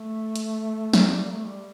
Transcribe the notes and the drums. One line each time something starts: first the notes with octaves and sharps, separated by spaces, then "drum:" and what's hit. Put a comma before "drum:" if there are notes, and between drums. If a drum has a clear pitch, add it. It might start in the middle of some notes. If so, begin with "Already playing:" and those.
Already playing: A3
drum: hi-hat
drum: snare
G3
A#3
A3
G3